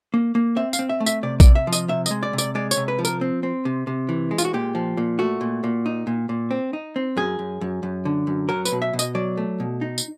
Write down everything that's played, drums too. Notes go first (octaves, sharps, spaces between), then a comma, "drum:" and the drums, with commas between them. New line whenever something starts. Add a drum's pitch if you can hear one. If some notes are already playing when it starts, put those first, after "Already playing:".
A#3
A#3
C4 E5
F5, drum: tambourine
C4
E5
A3
E5, drum: tambourine
C3 D5
C3 D5, drum: kick A#1, tambourine
E5
F3
D#5, drum: tambourine
C3 E5
G#3 D#5, drum: tambourine
D5
C3
D5, drum: tambourine
G#3 D5
C#5, drum: tambourine
C3
B4
F3
A#4, drum: tambourine
C4
C4
C3
C3
E3
G#3
F4, drum: tambourine
F#4
A#2 G4
F3
A#2
A3 F#4
A#2
A#2
D#4
A#2
A#2
C4
D#4
C4
F#2 G#4
F#2
F#2
F#2
D3
F#2
F#3 A#4
B4, drum: tambourine
B2
E5
B2
D#5, drum: tambourine
F#3 D5
A3
B2
D#4
drum: tambourine